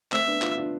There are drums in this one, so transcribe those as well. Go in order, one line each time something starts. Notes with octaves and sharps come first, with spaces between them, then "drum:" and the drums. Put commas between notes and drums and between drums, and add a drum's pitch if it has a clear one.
A3 C4 E5, drum: clap
B3 D4
D4 F4, drum: clap
D4 F4